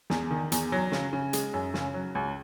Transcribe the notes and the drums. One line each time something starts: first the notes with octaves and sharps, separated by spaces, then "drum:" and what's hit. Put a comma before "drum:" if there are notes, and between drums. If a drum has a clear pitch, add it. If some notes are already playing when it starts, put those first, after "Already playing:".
E2, drum: snare
D#3
E2, drum: hi-hat
F#3
C#3, drum: snare
C#3
G#3, drum: hi-hat
F#2
C#3, drum: snare
F#3
C#2